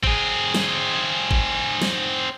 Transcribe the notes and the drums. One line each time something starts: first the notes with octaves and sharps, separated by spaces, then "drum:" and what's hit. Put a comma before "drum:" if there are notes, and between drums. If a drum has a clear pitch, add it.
C4 G#4, drum: kick G1
drum: snare
drum: kick G1
drum: snare